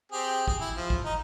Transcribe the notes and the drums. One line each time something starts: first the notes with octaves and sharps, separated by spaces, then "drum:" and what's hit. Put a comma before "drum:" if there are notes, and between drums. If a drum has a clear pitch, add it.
C4 G4 G#4
G#4, drum: kick
E4
F3
drum: kick
D#4